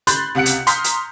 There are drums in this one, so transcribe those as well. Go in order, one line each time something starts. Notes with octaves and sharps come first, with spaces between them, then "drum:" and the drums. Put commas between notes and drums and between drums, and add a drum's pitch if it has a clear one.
B5 C6 F#6 G6 A6, drum: hi-hat
C#2 C3 F#5 F#6 C#7
drum: hi-hat
A#5 C6 D#6 F6 G6 B6, drum: hi-hat
drum: hi-hat